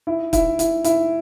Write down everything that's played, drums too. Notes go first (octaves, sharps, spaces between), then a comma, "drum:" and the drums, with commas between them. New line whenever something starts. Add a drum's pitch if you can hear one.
E4
E4, drum: kick, hi-hat
E4, drum: hi-hat
E4, drum: hi-hat